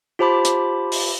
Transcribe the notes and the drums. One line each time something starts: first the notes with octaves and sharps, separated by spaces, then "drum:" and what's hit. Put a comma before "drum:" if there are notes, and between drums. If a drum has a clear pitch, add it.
F4 G4 C5 A5 B5 D6
drum: hi-hat
drum: open hi-hat